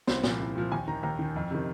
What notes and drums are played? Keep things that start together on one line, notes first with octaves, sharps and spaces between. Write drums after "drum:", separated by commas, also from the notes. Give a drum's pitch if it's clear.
C2 C5, drum: snare
A#2 F3, drum: snare
C2
A#2 F3
D#2 G#5
D#3 A#5
D#2 A#5
D#3
F2
C3 D#3